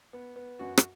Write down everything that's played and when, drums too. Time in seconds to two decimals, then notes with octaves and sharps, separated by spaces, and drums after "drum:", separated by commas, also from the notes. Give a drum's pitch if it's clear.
0.13 B3
0.36 B3
0.59 F#2 F#4
0.78 drum: rim click